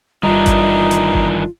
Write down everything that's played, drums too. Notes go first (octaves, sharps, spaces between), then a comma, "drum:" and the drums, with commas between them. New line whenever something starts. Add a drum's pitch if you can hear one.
G1 D#3 E3 G3 D4 D#4 F4
drum: kick G#1, hi-hat
drum: hi-hat
drum: kick G#1